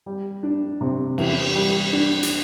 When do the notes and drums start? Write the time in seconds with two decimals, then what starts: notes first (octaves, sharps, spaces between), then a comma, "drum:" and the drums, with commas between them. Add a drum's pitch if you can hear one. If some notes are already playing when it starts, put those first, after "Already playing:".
0.06 G3
0.43 D4
0.81 C3
1.18 E2, drum: cymbal
1.55 G3
1.93 D4
2.23 drum: hi-hat